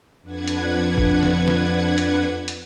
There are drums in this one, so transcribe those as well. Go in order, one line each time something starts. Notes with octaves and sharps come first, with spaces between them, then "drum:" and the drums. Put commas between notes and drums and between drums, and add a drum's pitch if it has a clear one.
F2 D4 B4 F#5 G#6
drum: hi-hat
drum: kick F#1
drum: snare
drum: snare
drum: hi-hat
drum: hi-hat